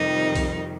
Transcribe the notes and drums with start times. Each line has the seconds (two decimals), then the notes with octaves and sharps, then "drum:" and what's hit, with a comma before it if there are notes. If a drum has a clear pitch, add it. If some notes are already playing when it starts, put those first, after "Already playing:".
Already playing: F2 C3 D#3 G3 D#4
0.35 drum: kick B1, open hi-hat